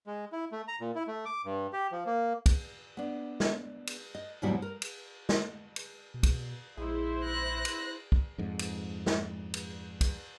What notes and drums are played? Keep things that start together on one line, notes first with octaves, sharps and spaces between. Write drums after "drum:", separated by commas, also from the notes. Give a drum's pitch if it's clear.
G#3
E4
A3
A#5
A#2
E4
A3
D6
G2
G4
F3
A#3
drum: kick, cymbal
B3 D4
drum: snare
drum: cymbal
D#5
D#2 G#2 B2 F#3 G3 E4
A#4
drum: cymbal
drum: snare
drum: cymbal
B2
drum: kick, cymbal
A#1 G#3 D#4 E4 G#4 C5
F#6 A#6
drum: cymbal
drum: kick
F2 G#2
drum: cymbal
drum: snare
drum: cymbal
drum: kick, cymbal